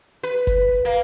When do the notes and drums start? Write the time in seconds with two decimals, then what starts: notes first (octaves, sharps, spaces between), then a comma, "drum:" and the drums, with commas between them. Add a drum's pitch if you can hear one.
0.23 B4, drum: hi-hat
0.47 drum: kick F#1, hi-hat
0.85 A#3